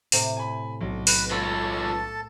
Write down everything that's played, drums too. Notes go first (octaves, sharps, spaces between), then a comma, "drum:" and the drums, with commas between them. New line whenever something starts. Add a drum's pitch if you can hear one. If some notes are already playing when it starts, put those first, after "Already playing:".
A2 C3, drum: open hi-hat
G#5 B5
B1
B4, drum: open hi-hat
C#4 F4 A4 B4 A5 A6 B6